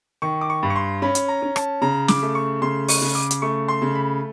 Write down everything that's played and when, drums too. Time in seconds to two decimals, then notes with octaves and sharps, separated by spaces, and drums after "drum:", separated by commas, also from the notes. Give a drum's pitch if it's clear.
0.22 D#3 C#6
0.41 D6
0.50 C#6
0.63 G2
0.70 C#6
0.76 C6
1.02 C#4 B5
1.15 drum: hi-hat
1.28 A#5
1.42 C#4
1.56 A5, drum: rim click
1.82 C#3 A#5
2.08 D6, drum: snare
2.22 A3
2.35 C#6
2.62 C#3 C6
2.89 C#6, drum: open hi-hat
3.02 C#3
3.15 D6
3.31 drum: hi-hat
3.42 A3 C#6
3.68 C6
3.82 C#3
3.95 B5